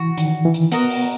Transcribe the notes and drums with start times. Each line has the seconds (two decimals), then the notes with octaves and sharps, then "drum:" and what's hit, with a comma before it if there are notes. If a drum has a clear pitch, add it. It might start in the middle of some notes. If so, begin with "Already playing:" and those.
Already playing: E3 F#4
0.18 D#3, drum: hi-hat
0.45 E3
0.54 drum: hi-hat
0.72 B3 F#4 A#4 D#5, drum: hi-hat
0.90 drum: open hi-hat